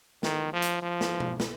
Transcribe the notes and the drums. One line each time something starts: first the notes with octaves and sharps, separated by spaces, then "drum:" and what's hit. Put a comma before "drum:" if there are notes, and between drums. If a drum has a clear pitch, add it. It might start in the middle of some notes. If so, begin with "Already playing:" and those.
D#3, drum: snare
F3
drum: hi-hat
F3
drum: snare
drum: tom B2
drum: snare